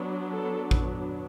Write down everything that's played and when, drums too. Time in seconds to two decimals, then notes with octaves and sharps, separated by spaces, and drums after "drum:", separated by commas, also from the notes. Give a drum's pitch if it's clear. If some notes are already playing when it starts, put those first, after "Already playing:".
Already playing: F#3 B3 D4
0.34 A4
0.71 drum: kick A1